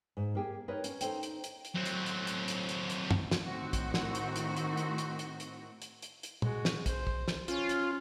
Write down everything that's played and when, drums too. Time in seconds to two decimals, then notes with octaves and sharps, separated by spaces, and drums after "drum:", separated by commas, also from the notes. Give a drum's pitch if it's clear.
0.17 G#2
0.35 A#3 G4 G#4
0.68 D#4 A#4 B4 C#5 D#5
0.84 C#4, drum: hi-hat
1.01 D#4 A4 C5 G5, drum: hi-hat
1.23 drum: hi-hat
1.44 drum: hi-hat
1.65 drum: hi-hat
1.75 F#3 C4
1.85 drum: hi-hat
2.06 drum: hi-hat
2.27 drum: hi-hat
2.48 drum: hi-hat
2.69 drum: hi-hat
2.90 drum: hi-hat
3.11 drum: tom
3.31 drum: snare
3.44 A2 D#3 C4 F#4
3.73 drum: kick, hi-hat
3.94 drum: snare
4.15 drum: hi-hat
4.36 drum: hi-hat
4.57 drum: hi-hat
4.77 drum: hi-hat
4.98 drum: hi-hat
5.19 drum: hi-hat
5.40 drum: hi-hat
5.82 drum: hi-hat
6.02 drum: hi-hat
6.23 drum: hi-hat
6.42 G#3 F#4, drum: tom
6.65 drum: snare
6.86 C5, drum: kick, hi-hat
7.07 drum: kick
7.28 drum: snare
7.48 C#4 F4, drum: hi-hat
7.69 drum: hi-hat